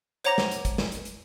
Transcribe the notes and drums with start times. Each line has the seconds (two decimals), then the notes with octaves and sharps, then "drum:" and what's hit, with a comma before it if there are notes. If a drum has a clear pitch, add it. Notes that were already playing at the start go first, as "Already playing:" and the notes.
0.24 C5 C#5 F#5 A#5 D6 A#6, drum: hi-hat
0.38 drum: snare
0.51 drum: hi-hat
0.65 drum: kick, hi-hat
0.78 drum: snare
0.92 drum: hi-hat
1.05 drum: hi-hat